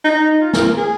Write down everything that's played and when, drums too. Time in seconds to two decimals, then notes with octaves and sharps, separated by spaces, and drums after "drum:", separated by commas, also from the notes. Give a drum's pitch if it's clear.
0.04 D#4
0.40 F4
0.53 A#4, drum: snare
0.65 A#4
0.77 G#4